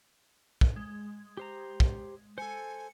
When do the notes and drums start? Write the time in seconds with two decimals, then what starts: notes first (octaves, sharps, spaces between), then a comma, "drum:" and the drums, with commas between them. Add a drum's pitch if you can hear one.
0.61 drum: kick
0.76 G#3
1.37 G4 C5 A#5
1.80 drum: kick
2.38 A4 C5 G#5 C#7